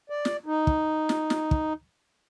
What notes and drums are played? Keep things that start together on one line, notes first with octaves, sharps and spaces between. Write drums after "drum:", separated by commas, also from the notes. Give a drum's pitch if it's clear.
D5
drum: snare
D#4
drum: kick
drum: snare
drum: snare
drum: kick